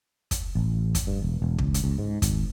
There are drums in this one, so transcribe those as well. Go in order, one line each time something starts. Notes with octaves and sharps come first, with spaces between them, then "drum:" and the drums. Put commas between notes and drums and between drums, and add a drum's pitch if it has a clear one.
drum: kick, hi-hat
A1
drum: kick, hi-hat
G2
E1
E1
C#2, drum: kick
drum: hi-hat
C#2
G#2
G#1, drum: kick, hi-hat